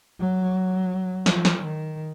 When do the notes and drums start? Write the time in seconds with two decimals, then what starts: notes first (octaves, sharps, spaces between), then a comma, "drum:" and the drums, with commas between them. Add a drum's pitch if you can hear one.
0.20 F#3
1.26 F3, drum: snare
1.45 drum: snare
1.62 D#3